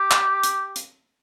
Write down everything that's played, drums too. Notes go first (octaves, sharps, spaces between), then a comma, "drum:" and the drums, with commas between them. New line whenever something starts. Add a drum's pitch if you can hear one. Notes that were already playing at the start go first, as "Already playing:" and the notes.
Already playing: G4
drum: clap
drum: hi-hat
drum: hi-hat